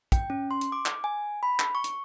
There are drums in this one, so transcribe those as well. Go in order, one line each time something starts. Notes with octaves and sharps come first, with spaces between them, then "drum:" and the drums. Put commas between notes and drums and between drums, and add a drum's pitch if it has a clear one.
G5, drum: kick, hi-hat
C#4
C6
drum: hi-hat
D6
drum: clap
G#5
B5
drum: clap
C#6
drum: hi-hat